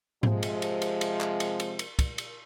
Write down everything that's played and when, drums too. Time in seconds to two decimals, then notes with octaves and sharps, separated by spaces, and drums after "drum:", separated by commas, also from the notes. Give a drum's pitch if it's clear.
0.23 C3 F3 G#3, drum: tom G#2
0.43 drum: cymbal
0.62 drum: cymbal
0.82 drum: cymbal
1.01 drum: cymbal
1.21 drum: clap
1.40 drum: cymbal
1.60 drum: cymbal
1.79 drum: cymbal
1.99 drum: kick, cymbal
2.18 drum: cymbal